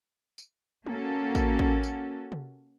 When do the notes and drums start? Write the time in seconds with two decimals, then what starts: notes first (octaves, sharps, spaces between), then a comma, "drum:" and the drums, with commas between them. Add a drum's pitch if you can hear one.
0.38 drum: tambourine
0.86 A#3 C#4 F#4 A4, drum: tom
1.35 drum: kick, tambourine
1.59 drum: kick
1.83 drum: tambourine
2.32 drum: tom C3